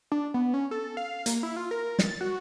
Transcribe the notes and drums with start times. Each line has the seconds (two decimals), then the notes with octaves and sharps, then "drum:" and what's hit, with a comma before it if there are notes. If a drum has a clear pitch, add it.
0.12 D4
0.34 B3
0.54 C#4
0.71 A4
0.97 F5
1.26 A#3, drum: hi-hat
1.43 E4
1.56 F4
1.71 A#4
1.99 A6, drum: snare
2.21 F#4